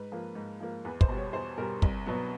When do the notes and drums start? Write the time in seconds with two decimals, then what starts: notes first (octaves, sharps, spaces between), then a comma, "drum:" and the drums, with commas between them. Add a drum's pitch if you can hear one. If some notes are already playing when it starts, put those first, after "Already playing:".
Already playing: G#2 B4
0.12 F3 A#3
0.35 G#2
0.60 F3 A#3
0.85 E2 B4
1.01 C5, drum: kick
1.09 B2 G3
1.17 C#5
1.33 E2 C5
1.58 B2 G3 A#4
1.82 C2, drum: kick
2.06 B2 F#3 B3